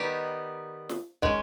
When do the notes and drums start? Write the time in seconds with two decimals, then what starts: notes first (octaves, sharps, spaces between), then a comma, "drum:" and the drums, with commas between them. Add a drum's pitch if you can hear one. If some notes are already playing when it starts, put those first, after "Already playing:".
Already playing: D#3 G3 B3 D#4 G4
0.89 drum: snare
1.22 D#3 G#3 C#4, drum: kick